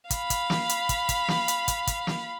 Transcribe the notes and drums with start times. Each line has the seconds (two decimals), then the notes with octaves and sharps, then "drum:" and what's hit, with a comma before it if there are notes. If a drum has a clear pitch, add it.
0.10 F5 B5, drum: kick, hi-hat
0.30 drum: kick, hi-hat
0.50 drum: snare
0.69 drum: hi-hat
0.89 drum: kick, hi-hat
1.09 drum: kick, hi-hat
1.28 drum: snare
1.48 drum: hi-hat
1.68 drum: kick, hi-hat
1.87 drum: kick, hi-hat
2.07 drum: snare